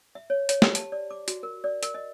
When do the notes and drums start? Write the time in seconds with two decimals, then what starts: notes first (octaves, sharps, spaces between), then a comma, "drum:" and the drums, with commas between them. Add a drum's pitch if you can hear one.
0.15 E5
0.30 C#5
0.49 C#5, drum: hi-hat
0.62 G4, drum: snare
0.75 A5, drum: hi-hat
0.92 D5
1.11 D6
1.28 F#4, drum: hi-hat
1.43 A#4
1.64 D5
1.83 A#4, drum: hi-hat
1.94 D#5